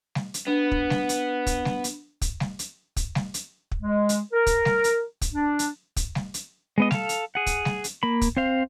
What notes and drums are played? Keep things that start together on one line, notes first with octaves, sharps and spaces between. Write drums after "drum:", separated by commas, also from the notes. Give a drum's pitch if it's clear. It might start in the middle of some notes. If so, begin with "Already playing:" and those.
drum: snare
drum: hi-hat
B3 D4
drum: kick
drum: snare
drum: hi-hat
drum: kick, hi-hat
drum: snare
drum: hi-hat
drum: kick, hi-hat
drum: snare
drum: hi-hat
drum: kick, hi-hat
drum: snare
drum: hi-hat
drum: kick
G#3
drum: hi-hat
A#4
drum: kick, hi-hat
drum: snare
drum: hi-hat
drum: kick, hi-hat
D4
drum: hi-hat
drum: kick, hi-hat
drum: snare
drum: hi-hat
G#3 B3 D#5
A4 F5, drum: snare
drum: hi-hat
G#4 F#5
drum: kick, hi-hat
drum: snare
drum: hi-hat
A#3 B5
drum: kick, hi-hat
C4 C5 F5